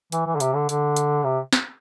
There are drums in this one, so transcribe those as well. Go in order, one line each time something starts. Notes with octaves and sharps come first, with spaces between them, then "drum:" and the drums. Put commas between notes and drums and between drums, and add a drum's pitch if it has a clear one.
E3, drum: hi-hat
E3
D3
C3, drum: hi-hat
D3
D3, drum: hi-hat
drum: hi-hat
C3
drum: snare